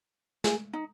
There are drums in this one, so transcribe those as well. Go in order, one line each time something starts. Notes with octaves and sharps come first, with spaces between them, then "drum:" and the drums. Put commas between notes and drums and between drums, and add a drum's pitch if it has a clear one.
G#4, drum: snare
D#4